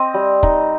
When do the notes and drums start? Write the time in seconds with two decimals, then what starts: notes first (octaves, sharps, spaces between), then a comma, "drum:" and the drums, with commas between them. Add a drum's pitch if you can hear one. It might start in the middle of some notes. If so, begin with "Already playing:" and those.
Already playing: C4 D#5
0.14 G3
0.43 D#4, drum: kick